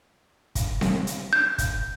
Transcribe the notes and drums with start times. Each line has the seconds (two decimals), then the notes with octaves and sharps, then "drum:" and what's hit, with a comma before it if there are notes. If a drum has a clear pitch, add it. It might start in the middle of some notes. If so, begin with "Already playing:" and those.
0.55 drum: kick, hi-hat
0.81 drum: snare C4
1.07 drum: hi-hat
1.33 G6
1.58 drum: kick, hi-hat